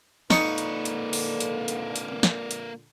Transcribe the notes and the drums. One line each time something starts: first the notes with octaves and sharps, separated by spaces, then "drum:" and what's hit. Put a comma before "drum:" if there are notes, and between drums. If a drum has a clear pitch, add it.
A#2 D3 A#3 D#4 B4 C#6 D#6, drum: snare
drum: hi-hat
drum: hi-hat
drum: open hi-hat
drum: hi-hat
drum: hi-hat
drum: hi-hat
drum: snare
drum: hi-hat